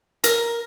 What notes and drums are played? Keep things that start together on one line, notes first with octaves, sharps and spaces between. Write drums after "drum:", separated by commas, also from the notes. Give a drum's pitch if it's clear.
A#4, drum: hi-hat